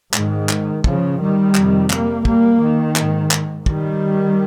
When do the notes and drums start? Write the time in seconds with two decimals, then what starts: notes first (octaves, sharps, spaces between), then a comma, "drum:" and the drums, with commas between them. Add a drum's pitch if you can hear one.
0.14 G#2 D#3, drum: clap
0.49 drum: clap
0.84 C#3 F3, drum: kick
1.20 D#3 G3
1.55 F2 C3, drum: clap
1.90 G3 A#3, drum: clap
2.25 G3 A#3, drum: kick
2.60 D#3
2.96 G#2, drum: clap
3.31 drum: clap
3.66 D#3 G3, drum: kick